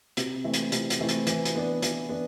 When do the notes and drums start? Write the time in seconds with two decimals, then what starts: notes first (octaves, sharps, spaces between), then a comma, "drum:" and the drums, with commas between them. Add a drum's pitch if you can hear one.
0.17 C3, drum: hi-hat
0.44 E3 A3 C4 E4
0.54 drum: hi-hat
0.72 C3, drum: hi-hat
0.90 drum: hi-hat
0.99 E3 A3 C4 E4
1.09 drum: hi-hat
1.27 E3, drum: hi-hat
1.45 drum: hi-hat
1.55 B3 D4
1.82 E3, drum: hi-hat
2.09 B3 D4